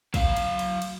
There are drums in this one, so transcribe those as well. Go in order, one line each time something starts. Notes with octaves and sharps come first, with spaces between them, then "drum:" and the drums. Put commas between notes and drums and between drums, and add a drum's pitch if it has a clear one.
F#3 F5, drum: kick, cymbal
drum: cymbal
drum: cymbal
drum: cymbal